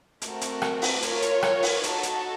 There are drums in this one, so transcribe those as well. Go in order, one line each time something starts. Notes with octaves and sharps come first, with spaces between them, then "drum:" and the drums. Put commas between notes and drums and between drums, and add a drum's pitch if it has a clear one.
A3 C4 F#4 A#4, drum: hi-hat
drum: hi-hat
drum: rim click
drum: open hi-hat
F4 A#4 C#5, drum: hi-hat
drum: hi-hat
drum: rim click
drum: open hi-hat
D#4 F#4 A4, drum: hi-hat
drum: hi-hat